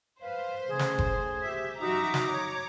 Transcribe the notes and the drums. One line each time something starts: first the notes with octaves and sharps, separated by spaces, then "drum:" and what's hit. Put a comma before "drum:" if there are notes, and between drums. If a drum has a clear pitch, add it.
B4 C5 F5
C#3 A3 G#4
drum: snare
drum: kick F#1
G4 E5
F#2 D#4 F#4 E5 A#5 D6
drum: snare
C#5